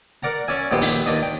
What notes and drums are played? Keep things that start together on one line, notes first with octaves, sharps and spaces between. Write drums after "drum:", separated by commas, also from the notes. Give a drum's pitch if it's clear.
A#4 D5 F#5 A#5
C#4 D5 E5 G#5
A#1 D#2 B3 G4 C5
drum: open hi-hat
D#2 D4 D#4
G5